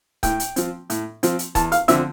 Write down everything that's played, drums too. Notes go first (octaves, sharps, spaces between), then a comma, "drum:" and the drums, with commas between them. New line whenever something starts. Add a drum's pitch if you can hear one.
A2 G5, drum: kick C#1, hi-hat
drum: hi-hat
F3 C4, drum: hi-hat
A2, drum: hi-hat
F3 C4, drum: hi-hat
drum: hi-hat
E2 A5, drum: kick C#1, hi-hat
F5, drum: hi-hat
D3 F3 C4 E5, drum: hi-hat